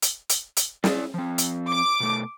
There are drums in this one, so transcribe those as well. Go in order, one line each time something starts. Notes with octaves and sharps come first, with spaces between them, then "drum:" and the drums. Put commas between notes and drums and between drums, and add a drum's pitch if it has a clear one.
drum: hi-hat
drum: hi-hat
drum: hi-hat
E4 D5, drum: snare
F3 C4
drum: hi-hat
D6
B2 A3